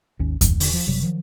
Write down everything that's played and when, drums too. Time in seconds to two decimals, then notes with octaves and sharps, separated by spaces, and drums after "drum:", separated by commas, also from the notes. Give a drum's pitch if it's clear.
0.19 G#1 D#2 C#4
0.41 C#2 G2, drum: kick E2, hi-hat
0.60 D3, drum: open hi-hat
0.73 F3
0.87 F#1 C3 F#3 G3
1.03 D#3 F3 F#3